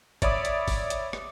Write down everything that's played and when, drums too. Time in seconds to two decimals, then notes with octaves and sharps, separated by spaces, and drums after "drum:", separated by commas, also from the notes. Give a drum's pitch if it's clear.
0.22 C#5 D5 E5 B5 D6 D#6, drum: kick G#1, hi-hat
0.45 drum: hi-hat
0.68 drum: kick G#1, open hi-hat
0.90 drum: hi-hat
1.13 drum: rim click